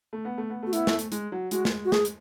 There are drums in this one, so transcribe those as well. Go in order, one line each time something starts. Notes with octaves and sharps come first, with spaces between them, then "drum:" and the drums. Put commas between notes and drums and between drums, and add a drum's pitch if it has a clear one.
A3
B3
A3
B3
A3 F#4
B3 E4, drum: hi-hat
A3, drum: snare
drum: hi-hat
G#3, drum: hi-hat
F#3
G#3 F#4, drum: hi-hat
drum: snare
F#4
G#4, drum: snare
drum: hi-hat